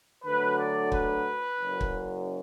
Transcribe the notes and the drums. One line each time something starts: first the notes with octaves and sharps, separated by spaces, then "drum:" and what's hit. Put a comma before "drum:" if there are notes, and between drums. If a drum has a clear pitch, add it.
D2 D3 F#3 B4
D5
B4, drum: kick
F#1 F#2 F#3
drum: kick